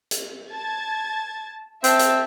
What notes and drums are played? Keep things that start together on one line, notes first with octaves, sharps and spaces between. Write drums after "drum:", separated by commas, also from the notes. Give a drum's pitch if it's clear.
drum: hi-hat
A5 G#6 A6
C4 E5 A5, drum: hi-hat
drum: hi-hat